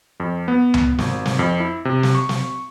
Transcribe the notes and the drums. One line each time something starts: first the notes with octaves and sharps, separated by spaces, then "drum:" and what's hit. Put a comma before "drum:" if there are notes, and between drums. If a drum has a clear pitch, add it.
F2
B3
drum: tom C#2
G#1, drum: snare
drum: snare
F2
E4
C3
drum: snare
C#6
drum: snare